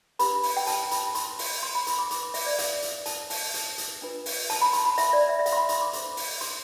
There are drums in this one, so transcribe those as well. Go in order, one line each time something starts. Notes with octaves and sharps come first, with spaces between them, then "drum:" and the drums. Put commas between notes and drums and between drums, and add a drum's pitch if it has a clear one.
D4 G4 B4 B5, drum: hi-hat
drum: open hi-hat
G5
A5, drum: hi-hat
B5, drum: hi-hat
C6, drum: hi-hat
drum: open hi-hat
C6
B5
B5, drum: hi-hat
D6
E4 B4 D6, drum: hi-hat
D6
E5, drum: open hi-hat
D5
F5, drum: hi-hat
drum: hi-hat
A5, drum: hi-hat
A5, drum: open hi-hat
drum: hi-hat
drum: hi-hat
D4 F4 B4
drum: open hi-hat
A5, drum: hi-hat
B5
C6, drum: hi-hat
B5
E5, drum: hi-hat
D5
E5
E5
F5, drum: hi-hat
C6
B5
C6, drum: hi-hat
D6
D4 A4 C5, drum: hi-hat
drum: open hi-hat
C6, drum: hi-hat